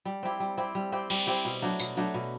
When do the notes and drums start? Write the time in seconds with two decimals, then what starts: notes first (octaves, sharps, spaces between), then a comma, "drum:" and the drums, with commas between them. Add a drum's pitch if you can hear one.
0.05 G3
0.23 C4 E4 G4
0.40 G3
0.57 C4 E4 G4
0.75 G3
0.92 C4 E4 G4
1.10 G3, drum: cymbal
1.27 C4 E4 G4
1.45 B2
1.62 F#3 A3 D4
1.80 B2, drum: tambourine
1.97 F#3 A3 D4
2.14 B2